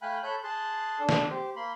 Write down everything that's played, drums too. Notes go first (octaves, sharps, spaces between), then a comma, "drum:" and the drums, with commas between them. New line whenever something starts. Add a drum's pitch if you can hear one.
A3 F5 G5 G#5 B5 F#6
A4 C#5 B5 F#6 G6
G#4 A5 C6 F#6
D4 A4
drum: snare
G4 C5
A#3 B5 C6